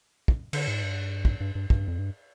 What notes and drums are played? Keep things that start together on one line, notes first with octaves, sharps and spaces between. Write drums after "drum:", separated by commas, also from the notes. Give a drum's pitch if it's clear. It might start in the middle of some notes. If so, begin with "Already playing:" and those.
drum: kick
D3, drum: cymbal
G#2
G2
drum: kick
G2
G2
G2, drum: kick
F2
G2